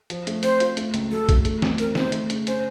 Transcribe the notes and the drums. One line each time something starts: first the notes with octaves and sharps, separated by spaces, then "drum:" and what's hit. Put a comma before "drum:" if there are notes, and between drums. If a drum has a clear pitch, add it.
F3, drum: hi-hat
A3, drum: hi-hat
C4 C5, drum: hi-hat
F4, drum: hi-hat
A3, drum: hi-hat
C#2, drum: hi-hat
F#3 A4
A3, drum: kick A1, hi-hat
A3, drum: hi-hat
F2, drum: snare
C4 A#4, drum: hi-hat
D#3 C5, drum: snare
A3, drum: hi-hat
C#3, drum: hi-hat
C#4 C5, drum: hi-hat